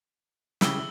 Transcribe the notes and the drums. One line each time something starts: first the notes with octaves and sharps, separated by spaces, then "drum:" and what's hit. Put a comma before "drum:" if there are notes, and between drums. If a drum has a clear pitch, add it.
C#3 E4 G4 E6 G7, drum: snare